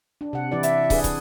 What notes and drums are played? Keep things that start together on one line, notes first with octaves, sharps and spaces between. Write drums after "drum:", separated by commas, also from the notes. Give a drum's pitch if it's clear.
D4
C3 F#5
E3 E4 D5
E5, drum: hi-hat
D4 G#4 B4, drum: kick, open hi-hat
drum: kick, hi-hat